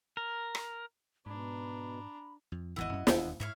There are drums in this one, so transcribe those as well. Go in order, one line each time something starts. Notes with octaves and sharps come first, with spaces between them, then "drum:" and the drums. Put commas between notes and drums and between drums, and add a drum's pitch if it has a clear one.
A#4
drum: rim click
G#2 B2 D4 A#5 B5
F2
G#1 E2 D#3 E4 F#4 D#5
F#2 C#4
E1 D#2 D4, drum: snare
G#2 E4 C#5 F5